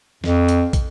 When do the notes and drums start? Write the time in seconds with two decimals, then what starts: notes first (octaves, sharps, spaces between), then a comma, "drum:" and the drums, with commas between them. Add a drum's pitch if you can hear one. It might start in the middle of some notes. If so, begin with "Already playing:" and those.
0.24 F2, drum: snare
0.49 drum: hi-hat
0.73 drum: kick, hi-hat